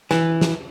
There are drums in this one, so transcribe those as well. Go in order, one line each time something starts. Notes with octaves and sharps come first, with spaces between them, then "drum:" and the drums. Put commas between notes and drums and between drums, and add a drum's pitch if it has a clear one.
E3, drum: snare
drum: snare